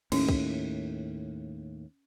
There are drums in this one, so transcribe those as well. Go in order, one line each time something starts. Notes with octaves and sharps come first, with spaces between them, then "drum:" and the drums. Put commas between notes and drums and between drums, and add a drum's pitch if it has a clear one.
D#2 A2 C#4, drum: cymbal
drum: kick